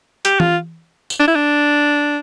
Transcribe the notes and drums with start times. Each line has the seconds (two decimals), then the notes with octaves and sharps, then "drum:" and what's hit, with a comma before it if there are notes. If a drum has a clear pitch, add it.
0.25 G4, drum: hi-hat
0.40 F4, drum: tom E3
1.10 drum: tambourine
1.20 D4
1.28 E4
1.35 D4